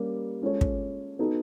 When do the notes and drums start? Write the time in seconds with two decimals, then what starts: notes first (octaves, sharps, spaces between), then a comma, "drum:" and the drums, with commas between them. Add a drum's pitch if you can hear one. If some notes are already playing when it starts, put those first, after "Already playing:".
Already playing: G3 A#3 C#4
0.42 G#3 C#4 F4 A4 C#5
0.61 drum: kick
1.19 B3 D#4 F#4 A4